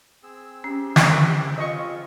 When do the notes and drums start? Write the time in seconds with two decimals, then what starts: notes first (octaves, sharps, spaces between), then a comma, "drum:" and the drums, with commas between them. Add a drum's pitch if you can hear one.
0.23 C4 G#4 E6
0.64 C#4 G4
0.96 drum: snare
1.58 F4 D#5 C#6